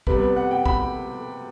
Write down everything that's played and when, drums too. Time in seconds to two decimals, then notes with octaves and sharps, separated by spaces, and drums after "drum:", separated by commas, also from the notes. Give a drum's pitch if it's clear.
0.07 C3 G3 B3 B4, drum: kick
0.21 B4
0.36 F#5
0.51 G5
0.66 B5, drum: kick